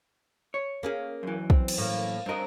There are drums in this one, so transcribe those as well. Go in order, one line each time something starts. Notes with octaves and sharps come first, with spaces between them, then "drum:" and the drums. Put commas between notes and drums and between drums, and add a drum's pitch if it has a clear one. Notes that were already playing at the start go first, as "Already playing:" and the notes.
C#5
A#3 C#4 G#4
F#2 E3
C4, drum: kick
drum: cymbal
A2 A#3
G2 C4 A#4 D#5